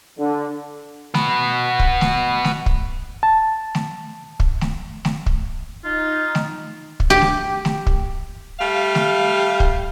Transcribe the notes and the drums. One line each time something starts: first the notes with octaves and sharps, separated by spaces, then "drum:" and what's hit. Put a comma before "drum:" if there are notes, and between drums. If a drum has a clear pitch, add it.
D3
F#4 B4, drum: snare A3
drum: kick
drum: snare A3
drum: snare A3
drum: kick
A5
drum: snare A3
drum: kick
drum: snare A3
drum: snare A3
drum: kick
D#4 F4
drum: snare A3
drum: kick
G4
drum: snare A3
drum: snare A3
drum: kick
G3 A3 F5
drum: snare A3
drum: kick